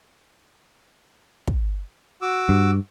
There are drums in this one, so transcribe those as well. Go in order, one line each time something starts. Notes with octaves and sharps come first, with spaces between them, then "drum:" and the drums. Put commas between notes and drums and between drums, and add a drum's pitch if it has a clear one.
drum: kick
F#4 D6 E6
G2